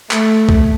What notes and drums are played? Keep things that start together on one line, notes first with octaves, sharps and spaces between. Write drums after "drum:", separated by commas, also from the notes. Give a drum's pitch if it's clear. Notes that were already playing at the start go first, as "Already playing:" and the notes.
A3, drum: clap
drum: kick